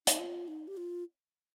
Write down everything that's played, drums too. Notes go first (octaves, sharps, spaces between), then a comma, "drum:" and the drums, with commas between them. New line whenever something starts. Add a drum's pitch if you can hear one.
D#4, drum: hi-hat
F4
D#4
G4
F4